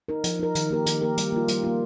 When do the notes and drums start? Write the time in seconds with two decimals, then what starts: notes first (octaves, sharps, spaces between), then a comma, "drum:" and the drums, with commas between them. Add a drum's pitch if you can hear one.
0.09 D#4 A#4
0.24 F3, drum: hi-hat
0.39 D#4 A#4
0.55 D#3, drum: hi-hat
0.70 A#3 G4 A#4
0.86 D#3, drum: hi-hat
1.02 A#3 G4 A#4
1.17 G3, drum: hi-hat
1.32 A#3 F4
1.48 G3, drum: hi-hat
1.64 A#3 F4